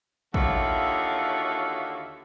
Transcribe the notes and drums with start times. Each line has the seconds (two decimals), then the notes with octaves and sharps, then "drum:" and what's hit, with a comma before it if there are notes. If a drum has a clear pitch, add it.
0.34 D#2 D3 F4 F#4 C#5 E5, drum: kick